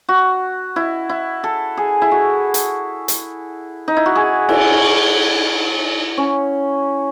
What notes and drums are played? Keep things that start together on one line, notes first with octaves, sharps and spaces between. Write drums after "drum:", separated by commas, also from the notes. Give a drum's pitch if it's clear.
F#4
E4
E4
A4
G#4
E4
F#4
drum: hi-hat
drum: hi-hat
D#4
E4
F#4
G#4
E4, drum: cymbal
C#4